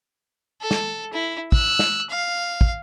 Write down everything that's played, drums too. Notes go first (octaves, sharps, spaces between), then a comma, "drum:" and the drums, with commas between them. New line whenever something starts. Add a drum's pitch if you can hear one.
A4
drum: snare
E4
E6 F#6, drum: kick
drum: snare
F5
drum: kick